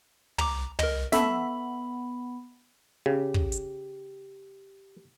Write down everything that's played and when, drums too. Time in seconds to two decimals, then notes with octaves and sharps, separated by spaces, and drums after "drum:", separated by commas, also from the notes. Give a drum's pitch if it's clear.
0.38 A#5 D6, drum: tom
0.79 A#4 D#5, drum: tom
1.12 B3 A4 E5 B5 B6, drum: snare
3.06 C#3 G4
3.34 drum: kick
3.52 drum: hi-hat